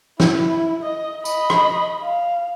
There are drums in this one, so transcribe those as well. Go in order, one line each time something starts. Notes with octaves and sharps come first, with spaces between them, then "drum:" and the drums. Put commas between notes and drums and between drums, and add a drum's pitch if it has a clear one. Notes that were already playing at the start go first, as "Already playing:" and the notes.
E4, drum: snare
D#5
D#5 B5, drum: tambourine
drum: rim click
F5